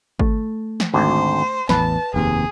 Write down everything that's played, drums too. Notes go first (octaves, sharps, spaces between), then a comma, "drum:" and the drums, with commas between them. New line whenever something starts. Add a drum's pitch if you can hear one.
A3, drum: kick G#1
drum: snare
G#1 D2 C5
A1 E2 B4 A5, drum: snare
F1 D#2 C3 G#4